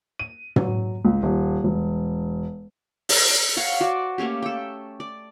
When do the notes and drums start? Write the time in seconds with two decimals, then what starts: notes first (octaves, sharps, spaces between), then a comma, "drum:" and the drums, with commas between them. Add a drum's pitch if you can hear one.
0.19 D#7
0.56 F#3, drum: tom
1.05 C#2
1.23 D#1
1.64 E1
3.09 drum: open hi-hat
3.57 C#5 F5 F#5
3.81 F#4 C5 D5
4.18 A3 A#3 C#4 G4
4.42 A4 G5
5.00 D5